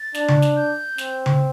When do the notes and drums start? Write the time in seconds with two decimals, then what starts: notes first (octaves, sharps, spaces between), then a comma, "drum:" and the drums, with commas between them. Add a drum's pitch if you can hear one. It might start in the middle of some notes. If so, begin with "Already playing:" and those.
Already playing: A6
0.15 D4, drum: snare
0.28 drum: tom C#3
0.42 drum: snare
0.57 G6
0.98 C4, drum: snare
1.26 drum: tom C#3